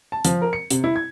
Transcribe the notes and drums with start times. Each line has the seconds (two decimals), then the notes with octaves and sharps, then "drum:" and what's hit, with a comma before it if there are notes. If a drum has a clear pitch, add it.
0.12 A5
0.25 F3, drum: hi-hat
0.42 A#4
0.53 C#7
0.70 C3, drum: hi-hat
0.84 E4
0.96 G#6